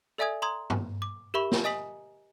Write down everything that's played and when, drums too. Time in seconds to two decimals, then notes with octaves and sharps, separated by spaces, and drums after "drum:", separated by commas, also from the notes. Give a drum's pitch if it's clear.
0.18 A4 D5 E5 G#5 D#6 G#6
0.42 A#5 C6 D#6 G#6
0.70 drum: tom G2
1.02 D6
1.34 G4 A#4 E5 B5 C#6
1.51 drum: snare
1.64 D#5 G#5 D#6 B6 F#7